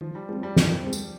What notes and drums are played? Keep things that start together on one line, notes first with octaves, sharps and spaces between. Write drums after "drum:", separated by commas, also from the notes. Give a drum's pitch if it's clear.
D#3 F3
G3
F3 G#3 C4
G3
D#3 F3, drum: snare
G#3 C4
drum: tambourine